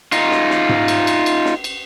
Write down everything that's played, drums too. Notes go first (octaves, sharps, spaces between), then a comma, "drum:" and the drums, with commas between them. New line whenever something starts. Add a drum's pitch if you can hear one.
D#4 F4, drum: cymbal
drum: snare
drum: snare
drum: tom G#2
drum: cymbal
drum: cymbal
drum: cymbal
drum: snare
drum: cymbal